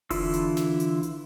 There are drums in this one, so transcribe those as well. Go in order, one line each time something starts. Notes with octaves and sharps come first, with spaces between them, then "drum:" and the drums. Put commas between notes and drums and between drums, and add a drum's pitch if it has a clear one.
D3 E3 E4 F4 E6, drum: kick E1, open hi-hat
drum: hi-hat
drum: snare
drum: hi-hat
drum: hi-hat